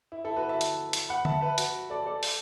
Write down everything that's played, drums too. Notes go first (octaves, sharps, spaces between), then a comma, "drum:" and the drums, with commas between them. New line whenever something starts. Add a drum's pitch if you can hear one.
E4
E4 A4
F#4 B4
E5 A5
drum: hi-hat
drum: hi-hat
F#5 B5
E5 A5, drum: tom D3
B4 E5
F#4 B4, drum: hi-hat
A4 D5
A4 D5
drum: open hi-hat